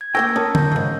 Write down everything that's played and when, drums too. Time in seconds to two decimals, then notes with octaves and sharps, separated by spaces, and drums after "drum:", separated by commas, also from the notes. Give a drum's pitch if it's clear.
0.01 G#6
0.15 A#3 A#4 G5 C#6 E6 A#6
0.36 C#4 A#4 A5 D#6
0.55 G6, drum: tom D3
0.72 G#2 C#3